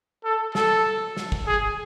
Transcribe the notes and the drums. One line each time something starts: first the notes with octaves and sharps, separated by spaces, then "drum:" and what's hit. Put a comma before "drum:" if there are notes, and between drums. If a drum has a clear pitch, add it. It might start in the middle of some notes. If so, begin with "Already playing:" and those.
A4
A4, drum: snare
drum: snare
drum: kick
G#4